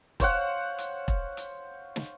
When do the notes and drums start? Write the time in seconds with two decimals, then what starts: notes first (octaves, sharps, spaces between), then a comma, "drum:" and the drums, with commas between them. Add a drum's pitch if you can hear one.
0.20 C5 C#5 F5 F#5, drum: kick E1, hi-hat
0.78 drum: hi-hat
1.08 drum: kick E1
1.37 drum: hi-hat
1.96 drum: snare